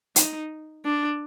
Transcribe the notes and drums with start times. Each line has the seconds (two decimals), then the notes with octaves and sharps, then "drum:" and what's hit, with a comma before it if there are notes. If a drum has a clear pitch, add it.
0.16 D#4, drum: hi-hat
0.85 D4